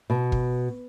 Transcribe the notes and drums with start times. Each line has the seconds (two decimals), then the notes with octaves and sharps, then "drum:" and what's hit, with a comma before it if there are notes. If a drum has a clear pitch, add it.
0.10 B2
0.32 drum: kick